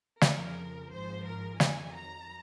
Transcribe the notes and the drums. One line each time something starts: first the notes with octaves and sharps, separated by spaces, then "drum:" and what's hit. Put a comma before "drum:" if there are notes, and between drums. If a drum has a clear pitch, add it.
F2 C#3 F3 A#4, drum: snare
G#1 G#2 F3 C5
A#4
F2 D#3 F#3 G#5, drum: snare
A#5